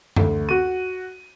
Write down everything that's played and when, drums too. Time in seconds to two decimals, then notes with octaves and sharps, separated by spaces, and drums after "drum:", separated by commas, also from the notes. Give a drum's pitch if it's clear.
0.16 D2, drum: tom F#2
0.49 F#4 D#7